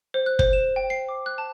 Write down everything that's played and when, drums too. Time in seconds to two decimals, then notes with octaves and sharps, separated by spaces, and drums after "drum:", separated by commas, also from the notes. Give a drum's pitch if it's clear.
0.14 C5
0.26 F#6
0.39 C5, drum: kick
0.53 E7
0.76 G5
0.90 C7
1.08 D6
1.26 F#6
1.38 A5